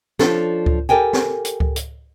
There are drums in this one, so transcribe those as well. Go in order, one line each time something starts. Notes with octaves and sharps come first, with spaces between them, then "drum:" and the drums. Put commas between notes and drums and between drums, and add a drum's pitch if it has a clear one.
F3 C#4 D4 A4, drum: snare
drum: kick C#2
G4 A4 A#4 G5 G#5
drum: snare
drum: hi-hat
drum: kick C#2
drum: hi-hat